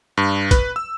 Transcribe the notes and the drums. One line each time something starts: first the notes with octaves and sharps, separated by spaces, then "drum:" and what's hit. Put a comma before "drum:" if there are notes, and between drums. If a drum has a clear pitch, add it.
G2
B4, drum: kick, hi-hat
E6